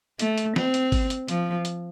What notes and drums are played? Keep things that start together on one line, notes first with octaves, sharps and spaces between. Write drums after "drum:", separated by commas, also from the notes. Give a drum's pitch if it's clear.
A3, drum: hi-hat
drum: hi-hat
C4, drum: snare
drum: hi-hat
drum: kick G#1, open hi-hat
drum: hi-hat
F3, drum: hi-hat
drum: hi-hat